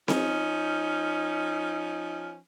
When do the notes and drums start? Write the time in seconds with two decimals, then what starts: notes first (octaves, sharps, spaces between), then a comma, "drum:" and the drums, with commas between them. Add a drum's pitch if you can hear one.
0.08 F3 C#4 D#4, drum: snare C4